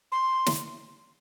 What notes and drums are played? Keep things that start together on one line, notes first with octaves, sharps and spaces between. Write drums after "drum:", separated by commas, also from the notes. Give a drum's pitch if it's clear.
C6
drum: snare